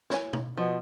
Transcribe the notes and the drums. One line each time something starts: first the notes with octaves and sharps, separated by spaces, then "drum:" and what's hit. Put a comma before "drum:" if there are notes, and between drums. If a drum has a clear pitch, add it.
E4 C#5 G#5, drum: snare
drum: tom B2
B2 F3